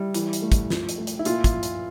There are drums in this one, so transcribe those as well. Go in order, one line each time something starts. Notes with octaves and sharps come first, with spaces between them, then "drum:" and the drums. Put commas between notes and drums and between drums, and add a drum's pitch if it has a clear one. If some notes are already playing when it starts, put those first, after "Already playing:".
Already playing: G3 E4
E3, drum: hi-hat
drum: hi-hat
A3
drum: kick, hi-hat
F3, drum: snare
drum: hi-hat
A3
drum: hi-hat
E4
A#2 F4, drum: hi-hat
drum: kick, hi-hat
F3
drum: hi-hat